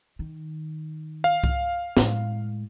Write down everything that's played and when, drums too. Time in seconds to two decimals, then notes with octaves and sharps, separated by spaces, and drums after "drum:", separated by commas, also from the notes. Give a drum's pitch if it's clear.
0.19 D#3
1.24 F5
1.44 drum: kick C2
1.97 A2 G#3, drum: snare